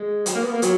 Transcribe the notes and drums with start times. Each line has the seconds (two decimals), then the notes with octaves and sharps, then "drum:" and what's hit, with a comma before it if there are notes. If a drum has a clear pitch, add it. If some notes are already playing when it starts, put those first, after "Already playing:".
Already playing: G#3
0.26 F#3, drum: hi-hat
0.35 A#3
0.43 B3
0.52 A#3
0.62 F#3, drum: hi-hat